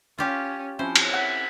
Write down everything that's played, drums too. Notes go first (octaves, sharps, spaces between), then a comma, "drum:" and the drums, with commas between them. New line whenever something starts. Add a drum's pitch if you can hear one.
C#4 F4 G4
F3 C4 C#4 E4 C5
drum: cymbal
F#5 B5